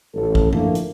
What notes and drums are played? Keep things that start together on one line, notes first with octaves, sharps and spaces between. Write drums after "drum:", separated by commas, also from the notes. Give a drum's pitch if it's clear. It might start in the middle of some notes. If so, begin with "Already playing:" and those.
A1 A4
drum: kick
A2 D3 F3 A3 A#3, drum: tom G2
drum: hi-hat